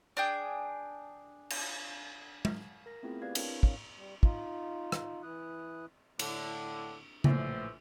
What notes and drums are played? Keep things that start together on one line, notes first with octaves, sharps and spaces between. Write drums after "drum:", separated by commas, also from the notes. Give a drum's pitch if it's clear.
D4 G#4 G5
drum: cymbal
drum: tom
A#4 A#6
A3 B3 C4 E4 F4 G#4
G4 B4 D5 F5 G#6
C4 D4 E4 A#4 C#5, drum: cymbal
C#5 F5, drum: kick
G3
D#4 F4, drum: kick
drum: rim click
E3 E4 D#6 F#6
A2 D3, drum: cymbal
A#1 A2 E3 C5 E5, drum: tom C#3